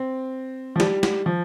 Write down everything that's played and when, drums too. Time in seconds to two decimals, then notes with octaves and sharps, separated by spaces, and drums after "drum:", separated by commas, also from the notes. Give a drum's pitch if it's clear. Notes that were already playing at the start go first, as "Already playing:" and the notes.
Already playing: C4
0.76 F3
0.80 G3, drum: snare
1.03 drum: snare
1.26 F3